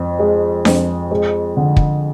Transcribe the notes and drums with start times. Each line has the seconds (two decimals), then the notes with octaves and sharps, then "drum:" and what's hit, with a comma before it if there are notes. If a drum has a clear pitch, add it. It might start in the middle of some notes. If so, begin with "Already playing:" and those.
Already playing: F2
0.19 G#3
0.65 F2, drum: snare D4
1.11 G#3
1.57 D3
1.77 drum: kick